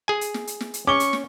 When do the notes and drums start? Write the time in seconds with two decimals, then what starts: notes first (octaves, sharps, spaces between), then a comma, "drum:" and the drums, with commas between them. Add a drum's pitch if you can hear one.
0.08 G#4 G#5
0.21 drum: hi-hat
0.34 drum: snare
0.47 drum: hi-hat
0.61 drum: snare
0.74 drum: hi-hat
0.87 C#4 C#6 D6 G7
1.00 drum: hi-hat
1.13 drum: snare